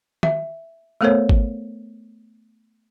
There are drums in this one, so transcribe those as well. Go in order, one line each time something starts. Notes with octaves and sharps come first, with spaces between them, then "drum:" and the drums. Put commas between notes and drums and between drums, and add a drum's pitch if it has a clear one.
E5, drum: tom
A3 B3 A4 A#4 C5 C#5
drum: kick G#1